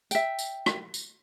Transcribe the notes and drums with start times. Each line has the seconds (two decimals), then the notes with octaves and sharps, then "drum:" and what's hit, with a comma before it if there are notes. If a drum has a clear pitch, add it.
0.11 E5 G5, drum: tambourine
0.39 drum: tambourine
0.66 drum: rim click
0.94 drum: tambourine